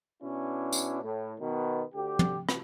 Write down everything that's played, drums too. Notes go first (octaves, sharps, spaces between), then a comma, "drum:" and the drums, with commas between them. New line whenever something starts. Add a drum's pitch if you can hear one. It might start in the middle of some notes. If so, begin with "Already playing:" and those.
B2 C#4 D4 E4
drum: tambourine
A2
B2 D#3 B3
D2 D3 G4
drum: tom
drum: rim click